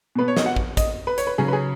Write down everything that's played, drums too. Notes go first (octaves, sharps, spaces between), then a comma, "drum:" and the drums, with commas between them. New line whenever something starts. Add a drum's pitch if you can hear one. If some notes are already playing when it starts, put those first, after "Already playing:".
B2 B3 B4
C#5
D#5, drum: snare
F#5
drum: kick
D#5, drum: kick, hi-hat
B4
C#5, drum: hi-hat
B4
C#3 F#3 C#4 G#4
B4
G#4